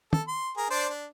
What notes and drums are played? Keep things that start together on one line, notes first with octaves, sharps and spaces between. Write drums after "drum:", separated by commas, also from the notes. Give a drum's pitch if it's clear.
A4, drum: tom
C6
G#4 A#4
D4 C5 D5
D4